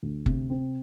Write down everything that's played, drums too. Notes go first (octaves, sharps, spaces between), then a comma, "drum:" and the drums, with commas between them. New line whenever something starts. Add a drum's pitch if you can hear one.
D2
C3, drum: kick F#1
C4